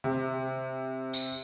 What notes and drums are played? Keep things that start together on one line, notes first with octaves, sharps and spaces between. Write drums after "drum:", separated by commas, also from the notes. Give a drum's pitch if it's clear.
C3
drum: tambourine